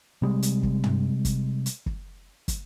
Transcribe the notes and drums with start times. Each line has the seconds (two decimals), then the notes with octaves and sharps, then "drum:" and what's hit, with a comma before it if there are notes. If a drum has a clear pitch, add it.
0.22 C3 G3 G#3
0.43 drum: hi-hat
0.63 drum: kick
0.84 drum: tom
1.25 drum: kick, hi-hat
1.66 drum: hi-hat
1.86 drum: kick
2.48 drum: kick, hi-hat